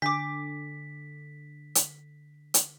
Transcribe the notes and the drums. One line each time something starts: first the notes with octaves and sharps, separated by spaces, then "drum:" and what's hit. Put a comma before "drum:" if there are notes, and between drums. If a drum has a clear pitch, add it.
D3 D4 D6 G6 B6
drum: hi-hat
drum: hi-hat